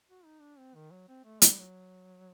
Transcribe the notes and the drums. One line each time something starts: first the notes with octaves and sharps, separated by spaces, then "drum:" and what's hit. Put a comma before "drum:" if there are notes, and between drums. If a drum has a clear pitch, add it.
F#4
D#4
D4
C4
D#3
F#3
C4
A3
G3, drum: hi-hat
F#3